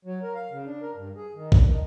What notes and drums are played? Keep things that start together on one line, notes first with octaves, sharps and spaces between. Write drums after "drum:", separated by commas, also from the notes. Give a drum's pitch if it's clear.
F#3
A#4
F5
C#3
D4
A#4
G2
G#4
D#3
D4, drum: kick A1
D#3